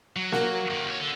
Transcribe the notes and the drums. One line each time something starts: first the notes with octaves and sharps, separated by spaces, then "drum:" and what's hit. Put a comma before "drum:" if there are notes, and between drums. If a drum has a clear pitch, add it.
F#3
A#3 F#4, drum: snare A#3
F#2 D#3
C2 C#5
D3